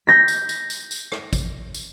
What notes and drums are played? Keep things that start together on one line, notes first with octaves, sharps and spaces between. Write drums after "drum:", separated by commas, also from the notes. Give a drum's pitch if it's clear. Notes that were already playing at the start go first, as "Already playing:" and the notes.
G6 A#6 B6
drum: tambourine
drum: tambourine
drum: tambourine
drum: tambourine
drum: rim click
drum: kick A1, tambourine
drum: tambourine